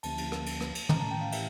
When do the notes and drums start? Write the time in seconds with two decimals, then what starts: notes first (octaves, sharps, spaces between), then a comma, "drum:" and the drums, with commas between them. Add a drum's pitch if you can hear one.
0.03 D2 D3 F3 A#3 C#4 A5, drum: cymbal
0.18 drum: cymbal
0.32 drum: rim click
0.46 drum: cymbal
0.61 drum: rim click
0.75 drum: cymbal
0.89 A2 E3 A3 C#4 A#5, drum: tom
1.00 A5
1.11 G5
1.21 F5
1.32 E5, drum: cymbal